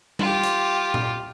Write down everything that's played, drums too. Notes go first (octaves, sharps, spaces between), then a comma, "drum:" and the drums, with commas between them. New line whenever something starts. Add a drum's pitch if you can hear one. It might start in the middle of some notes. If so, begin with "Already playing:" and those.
F4 G4, drum: tom G3
drum: hi-hat
drum: tom A#2